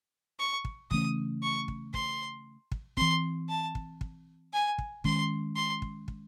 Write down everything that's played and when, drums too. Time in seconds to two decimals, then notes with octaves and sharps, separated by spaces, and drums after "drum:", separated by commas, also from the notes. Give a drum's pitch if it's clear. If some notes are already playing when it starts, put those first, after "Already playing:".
0.39 C#6
0.65 drum: kick
0.91 C#3 E3 A3 C#4 D#6, drum: kick
1.42 C#6
1.68 drum: kick
1.94 C6, drum: kick
2.72 drum: kick
2.97 E3 C4 C6, drum: kick
3.49 A5
3.75 drum: kick
4.01 drum: kick
4.53 G#5
4.78 drum: kick
5.04 D#3 G#3 C#4 C6, drum: kick
5.56 C6
5.82 drum: kick
6.08 drum: kick